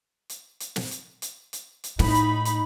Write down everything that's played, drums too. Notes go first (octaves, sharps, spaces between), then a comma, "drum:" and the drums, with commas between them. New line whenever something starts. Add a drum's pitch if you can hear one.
drum: hi-hat
drum: hi-hat
drum: snare
drum: hi-hat
drum: hi-hat
drum: hi-hat
drum: hi-hat
A2 D#4 B5, drum: snare
drum: hi-hat
drum: hi-hat